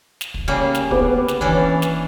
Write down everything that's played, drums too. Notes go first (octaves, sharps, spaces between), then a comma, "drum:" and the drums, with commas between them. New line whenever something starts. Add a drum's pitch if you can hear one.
drum: snare
drum: kick
C#3 G3 A#3
drum: snare
B3 D6, drum: kick
drum: snare
E3 C#4 D4, drum: kick
drum: snare